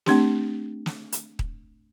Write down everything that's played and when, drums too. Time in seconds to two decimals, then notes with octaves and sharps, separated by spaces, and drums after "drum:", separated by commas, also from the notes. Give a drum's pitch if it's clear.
0.06 A3 C4 D4 G4, drum: snare
0.86 drum: snare
1.12 drum: hi-hat
1.39 drum: kick D#1